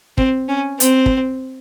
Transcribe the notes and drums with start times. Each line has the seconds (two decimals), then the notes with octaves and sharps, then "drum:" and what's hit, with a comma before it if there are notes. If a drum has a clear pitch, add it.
0.18 C4, drum: kick
0.49 C#4
0.80 C4, drum: hi-hat
1.06 drum: kick